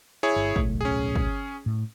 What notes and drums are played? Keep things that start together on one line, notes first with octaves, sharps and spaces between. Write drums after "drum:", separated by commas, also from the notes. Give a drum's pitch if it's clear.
E4 G#4 C#5
G1
D1 B1 A3, drum: kick
C#4 G#4
drum: kick
A2